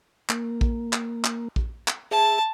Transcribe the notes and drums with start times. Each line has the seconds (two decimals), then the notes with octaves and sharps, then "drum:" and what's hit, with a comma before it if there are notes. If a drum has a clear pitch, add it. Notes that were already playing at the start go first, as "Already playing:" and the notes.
0.29 A#3, drum: clap
0.61 drum: kick A#1
0.93 drum: clap
1.24 drum: clap
1.56 drum: kick A#1
1.88 drum: clap
2.11 G#4 E5 A5